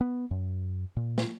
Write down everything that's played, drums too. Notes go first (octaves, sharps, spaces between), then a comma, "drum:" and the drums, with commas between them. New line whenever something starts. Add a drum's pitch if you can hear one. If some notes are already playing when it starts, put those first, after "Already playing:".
B3
F#2
A#2
drum: snare